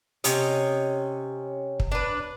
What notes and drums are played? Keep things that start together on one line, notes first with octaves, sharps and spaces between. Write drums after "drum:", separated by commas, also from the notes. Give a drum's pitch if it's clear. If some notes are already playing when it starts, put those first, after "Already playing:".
C3 C#4 D#5, drum: hi-hat
drum: kick
D4 B4